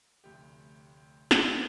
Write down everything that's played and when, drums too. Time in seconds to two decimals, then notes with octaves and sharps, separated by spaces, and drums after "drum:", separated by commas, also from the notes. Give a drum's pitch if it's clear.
0.24 F1 D2 G4
1.31 E3 A#3 F#4 F#5, drum: snare